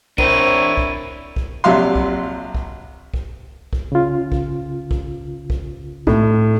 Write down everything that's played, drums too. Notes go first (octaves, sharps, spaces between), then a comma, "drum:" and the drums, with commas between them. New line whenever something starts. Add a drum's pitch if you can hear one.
C4 D4 E4 A#4 C#5 D#7, drum: kick
drum: kick
drum: kick
A#1 C3 F#3 E5 F5 C6
drum: kick
drum: kick
drum: kick
drum: kick
C#3 F4
drum: kick
drum: kick
drum: kick
A2, drum: kick